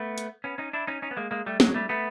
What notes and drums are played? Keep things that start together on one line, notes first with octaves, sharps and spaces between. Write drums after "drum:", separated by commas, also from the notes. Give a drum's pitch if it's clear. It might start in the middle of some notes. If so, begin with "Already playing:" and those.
Already playing: A3 B3
drum: hi-hat
B3 C#4
C#4 D#4
D4 E4
C#4 D#4
C#4 D#4
B3
G#3 A#3
G#3 A#3
G3 A3
F#3 G#3, drum: snare
G3 A3
A3 B3